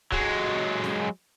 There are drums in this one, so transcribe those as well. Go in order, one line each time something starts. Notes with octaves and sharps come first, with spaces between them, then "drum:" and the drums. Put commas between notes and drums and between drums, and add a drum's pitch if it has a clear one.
F#3 G#3, drum: kick
drum: snare